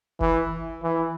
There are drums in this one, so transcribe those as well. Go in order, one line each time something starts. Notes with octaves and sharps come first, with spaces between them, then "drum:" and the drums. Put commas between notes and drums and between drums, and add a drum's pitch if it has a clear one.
E3, drum: kick F1
E3